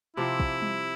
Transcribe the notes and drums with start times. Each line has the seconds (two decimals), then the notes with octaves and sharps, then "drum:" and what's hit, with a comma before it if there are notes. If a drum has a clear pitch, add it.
0.17 C3 F3 C4 E4 G4
0.40 drum: kick
0.62 drum: tom G3